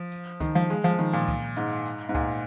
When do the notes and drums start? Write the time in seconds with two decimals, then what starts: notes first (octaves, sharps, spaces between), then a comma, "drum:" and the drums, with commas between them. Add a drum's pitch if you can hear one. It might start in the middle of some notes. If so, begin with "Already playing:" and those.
Already playing: F3
0.12 drum: tambourine
0.40 D#3, drum: kick C#2, tambourine
0.55 F3
0.70 G#3, drum: tambourine
0.84 F3
0.99 D#3, drum: tambourine
1.13 A#2
1.28 drum: kick C#2, tambourine
1.57 G#2, drum: tambourine
1.86 drum: tambourine
2.09 G#2
2.15 A#2, drum: kick C#2, tambourine